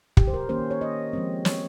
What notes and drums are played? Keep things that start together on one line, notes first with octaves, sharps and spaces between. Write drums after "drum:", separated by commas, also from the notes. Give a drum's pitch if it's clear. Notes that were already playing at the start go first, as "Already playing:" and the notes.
G4, drum: kick
C5
A#4
D#3 A#3 C#4 C5
C#5
D#5
F3 G#3 C4
C#5, drum: snare